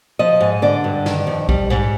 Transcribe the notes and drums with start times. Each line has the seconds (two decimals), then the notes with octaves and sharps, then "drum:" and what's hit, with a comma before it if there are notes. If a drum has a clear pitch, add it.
0.19 F3 D#5
0.40 G#2
0.62 D3 D5
0.84 G2
1.06 D#3, drum: snare
1.27 F2
1.49 G3, drum: kick A#1
1.70 G#2